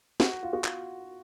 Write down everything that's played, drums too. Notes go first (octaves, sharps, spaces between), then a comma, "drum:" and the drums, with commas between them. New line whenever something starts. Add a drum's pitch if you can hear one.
F#4, drum: snare
F4
F#4
drum: clap